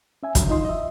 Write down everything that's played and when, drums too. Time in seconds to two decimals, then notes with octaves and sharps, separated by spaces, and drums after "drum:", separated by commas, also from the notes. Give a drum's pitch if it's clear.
0.23 C#4 E5 G#5
0.35 F2 D3 F#3, drum: kick, hi-hat
0.48 E3 D#4 F4 D#5 C6
0.65 D#5 E5